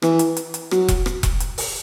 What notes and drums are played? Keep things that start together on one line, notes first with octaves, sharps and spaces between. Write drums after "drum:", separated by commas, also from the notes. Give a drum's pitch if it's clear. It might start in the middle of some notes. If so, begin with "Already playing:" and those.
E3, drum: rim click
drum: hi-hat
drum: hi-hat
drum: hi-hat
F#3, drum: rim click
drum: kick E1, hi-hat
drum: rim click
drum: kick E1, hi-hat
drum: hi-hat
drum: open hi-hat